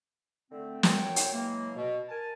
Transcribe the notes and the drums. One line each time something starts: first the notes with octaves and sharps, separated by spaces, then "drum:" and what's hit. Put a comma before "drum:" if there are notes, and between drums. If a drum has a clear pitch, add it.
D3 A3 C4
A#2 F#3 F4 C#5 G5, drum: snare
drum: hi-hat
C#3 E3 F#3 G#3 A#3
B2
A#4 G#5 A5